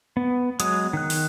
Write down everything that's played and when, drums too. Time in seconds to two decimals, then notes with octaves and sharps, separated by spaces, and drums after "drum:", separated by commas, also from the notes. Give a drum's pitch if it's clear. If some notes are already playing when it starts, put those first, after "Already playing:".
0.17 B3
0.60 F#3 G#3 D#6, drum: hi-hat
0.93 D#3 F#6
1.10 drum: open hi-hat